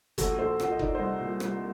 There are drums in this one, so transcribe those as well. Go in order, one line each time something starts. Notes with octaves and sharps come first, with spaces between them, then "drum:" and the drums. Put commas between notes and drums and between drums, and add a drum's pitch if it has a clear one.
A#1 F#4 A4, drum: kick F#1, hi-hat
A#1 A4 C5
A#2 F#5, drum: rim click
D#5
D#4 D5, drum: kick F#1
C2 C5 D#5
A#2
C2, drum: rim click